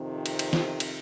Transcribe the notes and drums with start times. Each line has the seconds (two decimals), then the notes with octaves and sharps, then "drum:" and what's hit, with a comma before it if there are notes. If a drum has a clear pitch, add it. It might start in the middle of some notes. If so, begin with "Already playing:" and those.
Already playing: F2 C3 D#3
0.26 drum: cymbal
0.39 drum: cymbal
0.53 drum: snare
0.80 drum: cymbal